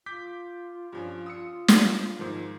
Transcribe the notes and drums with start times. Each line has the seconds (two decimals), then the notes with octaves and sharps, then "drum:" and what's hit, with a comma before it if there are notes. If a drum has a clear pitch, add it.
0.06 F4 D6 G6 B6
0.93 G2 F3 C#4
1.26 D#6 E6 C#7
1.68 drum: snare
2.19 G#2 D#3 F3